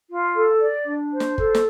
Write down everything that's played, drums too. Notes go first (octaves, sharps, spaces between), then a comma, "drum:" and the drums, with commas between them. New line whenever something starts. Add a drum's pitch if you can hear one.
F4
A4
D5
D4
C5
drum: snare
A4, drum: kick G1
drum: snare